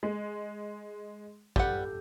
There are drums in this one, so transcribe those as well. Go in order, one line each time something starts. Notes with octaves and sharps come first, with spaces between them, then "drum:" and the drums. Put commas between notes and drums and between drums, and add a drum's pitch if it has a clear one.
G#3
G3 G4 A4 B4 F#5 G6, drum: kick A1